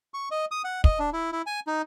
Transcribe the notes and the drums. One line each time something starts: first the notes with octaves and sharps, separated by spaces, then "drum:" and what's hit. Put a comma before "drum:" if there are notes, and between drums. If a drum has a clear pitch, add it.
C#6
D#5
D#6
F#5
D#5, drum: kick
D4
E4
E4
G#5
D#4